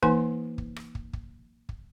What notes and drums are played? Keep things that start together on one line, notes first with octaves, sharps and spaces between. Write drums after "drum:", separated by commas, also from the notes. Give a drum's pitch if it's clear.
E3 A#3 D#4 B4 G#5 C6, drum: kick
drum: kick
drum: rim click
drum: kick
drum: kick
drum: kick